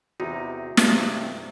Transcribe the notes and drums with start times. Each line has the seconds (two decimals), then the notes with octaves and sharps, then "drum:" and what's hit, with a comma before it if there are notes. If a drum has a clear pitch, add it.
0.20 E2 C3 D#4 F#4
0.77 A1 G2 C3, drum: snare